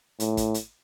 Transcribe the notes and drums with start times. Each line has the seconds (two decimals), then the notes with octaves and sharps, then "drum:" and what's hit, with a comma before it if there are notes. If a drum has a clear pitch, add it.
0.20 A2, drum: hi-hat
0.37 drum: kick, hi-hat
0.54 drum: hi-hat